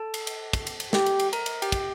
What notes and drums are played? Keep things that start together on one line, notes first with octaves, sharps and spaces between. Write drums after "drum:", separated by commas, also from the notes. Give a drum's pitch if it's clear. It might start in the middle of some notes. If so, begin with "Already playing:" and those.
Already playing: A4 A5
drum: cymbal
drum: cymbal
drum: kick, cymbal
drum: cymbal
drum: cymbal
G4, drum: snare
drum: cymbal
drum: cymbal
A#4 A#5, drum: cymbal
drum: cymbal
G4 G5, drum: cymbal
drum: kick, cymbal